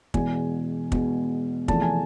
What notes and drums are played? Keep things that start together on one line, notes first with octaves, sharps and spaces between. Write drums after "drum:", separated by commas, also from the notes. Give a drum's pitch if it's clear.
E2 B2 G#3 G#5, drum: kick
E2 B2 G#3, drum: kick
E2 C3 F3 A3 A5, drum: kick
G#5